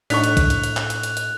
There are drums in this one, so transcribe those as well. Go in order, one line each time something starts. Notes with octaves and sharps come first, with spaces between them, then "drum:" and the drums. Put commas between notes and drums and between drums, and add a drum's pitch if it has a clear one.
A2 D4 D#4 C#6 F#6 B6 F7, drum: open hi-hat
drum: hi-hat
drum: kick, hi-hat
drum: hi-hat
drum: hi-hat
drum: clap
drum: hi-hat
drum: hi-hat
drum: hi-hat